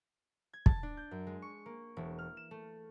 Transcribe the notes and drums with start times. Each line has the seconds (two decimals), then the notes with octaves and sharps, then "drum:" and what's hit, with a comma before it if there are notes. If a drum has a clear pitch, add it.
0.53 G#6
0.66 A5, drum: kick
0.83 D4
0.97 G6
1.11 F#2
1.27 G#3
1.42 C#6
1.66 A#3
1.97 E1
2.19 F6
2.37 E7
2.51 A3